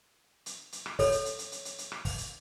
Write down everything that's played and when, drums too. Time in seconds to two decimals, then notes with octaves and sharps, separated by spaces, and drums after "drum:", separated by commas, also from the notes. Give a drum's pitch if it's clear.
0.46 drum: hi-hat
0.72 drum: hi-hat
0.86 drum: rim click
0.99 A4 C#5, drum: kick, open hi-hat
1.12 drum: hi-hat
1.25 drum: hi-hat
1.39 drum: hi-hat
1.52 drum: hi-hat
1.65 drum: hi-hat
1.78 drum: hi-hat
1.92 drum: rim click
2.05 drum: kick, open hi-hat
2.18 drum: hi-hat